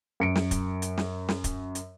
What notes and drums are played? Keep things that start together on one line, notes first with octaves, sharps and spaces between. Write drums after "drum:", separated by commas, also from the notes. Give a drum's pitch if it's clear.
F#2 C#7 D7
drum: snare
drum: kick, hi-hat
drum: hi-hat
drum: snare
drum: snare
drum: kick, hi-hat
drum: hi-hat